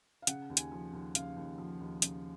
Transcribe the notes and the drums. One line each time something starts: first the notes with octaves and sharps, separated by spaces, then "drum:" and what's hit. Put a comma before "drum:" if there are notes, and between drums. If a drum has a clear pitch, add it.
F5
C#3 F#5, drum: hi-hat
D#2
G#5, drum: hi-hat
F3
D#2
C#3 F5, drum: hi-hat
D#2
F3
D#2
C#3, drum: hi-hat